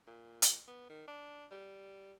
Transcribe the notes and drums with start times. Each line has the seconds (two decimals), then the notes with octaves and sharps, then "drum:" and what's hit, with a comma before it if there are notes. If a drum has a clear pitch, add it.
0.07 A#2
0.42 drum: hi-hat
0.68 B3
0.89 D#3
1.08 D4
1.51 G3